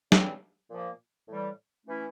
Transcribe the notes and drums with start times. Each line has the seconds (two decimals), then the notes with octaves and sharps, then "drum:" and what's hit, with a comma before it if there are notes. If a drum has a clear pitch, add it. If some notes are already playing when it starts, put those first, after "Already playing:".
0.12 C#3 E3 G3 C4, drum: snare
0.70 A#2 F3 A#3
1.28 A2 E3 G3
1.86 E3 A3 C#4 E4